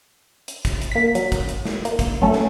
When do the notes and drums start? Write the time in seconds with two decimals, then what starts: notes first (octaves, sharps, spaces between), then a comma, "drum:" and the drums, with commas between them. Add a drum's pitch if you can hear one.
0.48 drum: hi-hat
0.65 drum: kick, hi-hat
0.82 drum: hi-hat
0.92 A#3 B6
1.15 F#3, drum: hi-hat
1.32 drum: kick, hi-hat
1.49 drum: hi-hat
1.65 drum: snare
1.85 A#3, drum: hi-hat
1.99 drum: kick, hi-hat
2.22 F#3 A3 C#4 A4
2.32 drum: snare